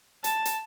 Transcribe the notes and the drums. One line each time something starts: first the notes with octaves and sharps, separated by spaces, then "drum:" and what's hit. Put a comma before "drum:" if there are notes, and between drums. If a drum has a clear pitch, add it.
A5, drum: hi-hat
drum: hi-hat